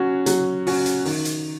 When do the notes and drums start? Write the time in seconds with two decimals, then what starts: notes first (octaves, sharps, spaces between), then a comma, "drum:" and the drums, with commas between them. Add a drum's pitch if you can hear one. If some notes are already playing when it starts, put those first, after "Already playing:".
Already playing: F#3 C#4 F#4
0.26 F#3, drum: hi-hat
0.67 C#4 F#4, drum: open hi-hat
0.86 drum: hi-hat
1.05 D#3, drum: open hi-hat
1.25 drum: hi-hat